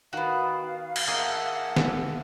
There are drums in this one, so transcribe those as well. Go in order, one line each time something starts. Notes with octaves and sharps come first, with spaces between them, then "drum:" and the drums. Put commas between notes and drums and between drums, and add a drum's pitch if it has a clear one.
D#3 B3 F#4 F5
drum: cymbal
A#3 G#4 D#5 E5 F#5 A5
drum: snare